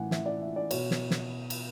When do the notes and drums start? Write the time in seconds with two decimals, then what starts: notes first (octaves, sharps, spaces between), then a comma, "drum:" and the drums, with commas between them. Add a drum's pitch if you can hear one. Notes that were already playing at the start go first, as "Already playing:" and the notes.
Already playing: A2 E3 F#5 G#5
0.11 E5, drum: snare
0.26 D5
0.42 E5
0.56 D5
0.71 B2 C#5, drum: cymbal
0.91 drum: snare
1.11 drum: snare
1.50 drum: cymbal